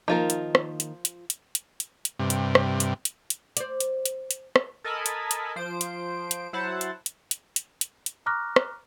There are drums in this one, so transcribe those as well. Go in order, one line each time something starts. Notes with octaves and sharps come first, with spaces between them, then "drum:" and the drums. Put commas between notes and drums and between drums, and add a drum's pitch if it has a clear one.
D#3 F3 A#3 D#4 F4 A#4
drum: hi-hat
drum: rim click
drum: hi-hat
drum: hi-hat
drum: hi-hat
drum: hi-hat
drum: hi-hat
drum: hi-hat
G2 C3
drum: hi-hat
drum: rim click
drum: hi-hat
drum: hi-hat
drum: hi-hat
C5 D5, drum: hi-hat
drum: hi-hat
drum: hi-hat
drum: hi-hat
drum: rim click
A4 A#4 D#5 G#5 A5 B5
drum: hi-hat
drum: hi-hat
F3 C5 D7
drum: hi-hat
drum: hi-hat
F#3 E4 C5 F#5 A5
drum: hi-hat
drum: hi-hat
drum: hi-hat
drum: hi-hat
drum: hi-hat
drum: hi-hat
A#5 C#6 D6 F6 F#6 A#6
drum: rim click